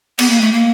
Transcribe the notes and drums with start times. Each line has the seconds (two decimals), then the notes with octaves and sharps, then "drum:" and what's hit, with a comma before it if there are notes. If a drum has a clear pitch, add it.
0.19 B3, drum: cymbal
0.30 A#3
0.41 A3
0.52 A#3